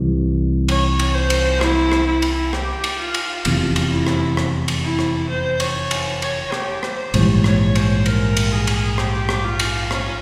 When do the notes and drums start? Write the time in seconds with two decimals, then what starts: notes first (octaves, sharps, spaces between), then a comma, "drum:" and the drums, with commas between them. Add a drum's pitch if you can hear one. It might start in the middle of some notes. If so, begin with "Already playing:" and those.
Already playing: C2 C3 E3 G3
0.68 C#5, drum: cymbal
0.99 drum: cymbal
1.14 C5
1.30 drum: cymbal
1.61 E4, drum: rim click
1.92 drum: rim click
2.07 E4
2.22 drum: cymbal
2.53 G4, drum: rim click
2.84 drum: cymbal
2.99 F4
3.14 drum: cymbal
3.45 F1 E2 C3 F4, drum: cymbal
3.76 drum: cymbal
3.91 E4
4.07 drum: rim click
4.37 drum: rim click
4.68 drum: cymbal
4.83 E4
4.99 drum: rim click
5.29 C5
5.60 C#5, drum: cymbal
5.91 drum: cymbal
6.22 C#5, drum: cymbal
6.52 G4, drum: rim click
6.83 C5, drum: rim click
7.14 A#1 G#2 E3 G3 C#5, drum: cymbal
7.44 C#5, drum: rim click
7.75 C5, drum: cymbal
8.06 A#4, drum: cymbal
8.37 drum: cymbal
8.52 G#4
8.67 drum: cymbal
8.98 G4, drum: rim click
9.29 drum: rim click
9.45 F4
9.59 drum: cymbal
9.91 C#4, drum: rim click